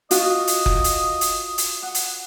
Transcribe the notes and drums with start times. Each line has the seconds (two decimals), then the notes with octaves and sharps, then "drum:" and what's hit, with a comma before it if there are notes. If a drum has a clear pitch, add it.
0.11 F4 F#4 D#5, drum: hi-hat
0.47 drum: hi-hat
0.66 drum: kick F#1
0.84 drum: hi-hat
1.21 drum: hi-hat
1.58 drum: hi-hat
1.83 F#5 D#6
1.94 drum: hi-hat